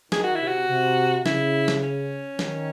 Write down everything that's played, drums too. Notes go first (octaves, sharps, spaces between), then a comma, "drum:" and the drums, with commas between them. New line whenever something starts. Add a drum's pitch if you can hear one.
D#3 G#4, drum: snare
F#4
C3 E4
F#4
C3
C#3 E4, drum: snare
drum: snare
C#4
D#3, drum: snare